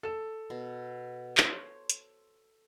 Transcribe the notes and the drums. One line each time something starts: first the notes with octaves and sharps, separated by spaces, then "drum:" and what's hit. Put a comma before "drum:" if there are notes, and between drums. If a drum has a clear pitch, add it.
A4 E7
B2
C5 C#5, drum: clap
drum: hi-hat